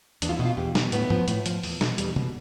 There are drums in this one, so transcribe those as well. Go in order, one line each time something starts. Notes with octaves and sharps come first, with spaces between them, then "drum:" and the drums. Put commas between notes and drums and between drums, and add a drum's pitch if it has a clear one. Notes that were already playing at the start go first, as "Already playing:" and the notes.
E2 D4, drum: hi-hat
F4
E4
B2
F4
E2 G4
B2, drum: snare
A2 B3, drum: hi-hat
F3, drum: tom G#2
A2, drum: hi-hat
F3, drum: hi-hat
E2, drum: open hi-hat
B2, drum: snare
E2 G3, drum: hi-hat
B2, drum: tom C3